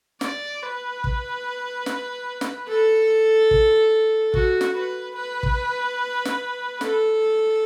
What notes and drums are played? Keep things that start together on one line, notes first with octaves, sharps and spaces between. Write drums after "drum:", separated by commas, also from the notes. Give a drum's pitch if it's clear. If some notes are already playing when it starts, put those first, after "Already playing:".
D5, drum: snare
B4
drum: kick
drum: snare
drum: snare
A4
drum: kick
F#4, drum: kick
drum: snare
B4
B4
drum: kick
drum: snare
A4, drum: snare